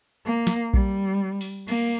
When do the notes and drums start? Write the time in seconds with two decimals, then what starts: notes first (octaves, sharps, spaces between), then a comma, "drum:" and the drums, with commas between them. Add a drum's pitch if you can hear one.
0.26 A#3
0.47 drum: snare
0.74 G3, drum: kick A#1
1.41 drum: open hi-hat
1.68 A#3, drum: cymbal